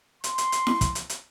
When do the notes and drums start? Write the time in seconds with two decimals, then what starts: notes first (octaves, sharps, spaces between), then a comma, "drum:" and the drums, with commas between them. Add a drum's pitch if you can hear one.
0.24 C6, drum: hi-hat
0.38 drum: hi-hat
0.52 drum: hi-hat
0.67 drum: snare E4
0.81 drum: kick, hi-hat
0.95 drum: hi-hat
1.10 drum: hi-hat